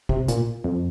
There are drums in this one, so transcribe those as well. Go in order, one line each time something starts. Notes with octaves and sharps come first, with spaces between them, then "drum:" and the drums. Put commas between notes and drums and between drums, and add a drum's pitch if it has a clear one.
C3, drum: kick
A#2, drum: hi-hat
F2